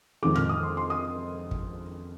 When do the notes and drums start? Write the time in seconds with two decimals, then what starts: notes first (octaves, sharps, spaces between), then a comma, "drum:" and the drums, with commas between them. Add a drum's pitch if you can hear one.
0.23 F2 D#3 G#3 D6
0.36 F6, drum: tom A2
0.49 D#6
0.63 C6
0.77 C6
0.90 D#6
1.51 drum: kick